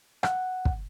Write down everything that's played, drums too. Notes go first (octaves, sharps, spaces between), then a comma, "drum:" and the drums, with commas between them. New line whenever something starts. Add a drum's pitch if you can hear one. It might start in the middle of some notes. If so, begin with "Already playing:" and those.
F#5, drum: rim click
drum: kick